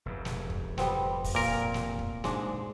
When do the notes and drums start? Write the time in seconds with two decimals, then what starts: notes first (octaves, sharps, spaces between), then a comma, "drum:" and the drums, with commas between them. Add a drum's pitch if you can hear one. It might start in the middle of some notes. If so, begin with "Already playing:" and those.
0.06 F1 G#2
0.25 drum: snare
0.50 drum: kick
0.78 G3 B3 C4, drum: snare
1.24 drum: kick, open hi-hat
1.35 A#2 A#4
1.74 drum: snare
1.99 drum: kick
2.24 G#2 G#3 D4, drum: snare